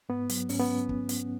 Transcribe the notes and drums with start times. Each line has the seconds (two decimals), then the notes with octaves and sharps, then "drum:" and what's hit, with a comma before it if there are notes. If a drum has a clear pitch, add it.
0.09 G#2 B3
0.29 F#3, drum: hi-hat
0.49 G#2 C#4, drum: open hi-hat
0.60 B3
0.89 drum: kick
1.09 drum: hi-hat